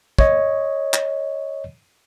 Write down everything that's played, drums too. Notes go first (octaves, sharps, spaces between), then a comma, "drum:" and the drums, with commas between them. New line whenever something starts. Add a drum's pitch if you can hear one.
C#5 D#5, drum: kick
drum: clap